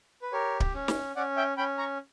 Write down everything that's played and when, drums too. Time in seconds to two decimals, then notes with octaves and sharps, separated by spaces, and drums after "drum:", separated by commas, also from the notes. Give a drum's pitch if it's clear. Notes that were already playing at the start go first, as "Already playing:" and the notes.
0.22 B4
0.33 G4 A#4 C#5
0.60 drum: kick D1
0.75 C#4
0.88 drum: snare
1.16 C#4 D5 F#5
1.37 E5 G5
1.57 C#4 G5 B5
1.78 A#5 C#6